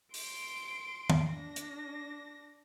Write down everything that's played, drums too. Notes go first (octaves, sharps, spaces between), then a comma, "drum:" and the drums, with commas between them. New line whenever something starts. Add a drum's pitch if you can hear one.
C6 D7, drum: open hi-hat
drum: tom
D4 A#6
drum: hi-hat